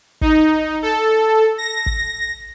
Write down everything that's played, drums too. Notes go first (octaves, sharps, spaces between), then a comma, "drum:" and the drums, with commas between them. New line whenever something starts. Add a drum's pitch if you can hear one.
D#4, drum: kick
A4
A#6
drum: kick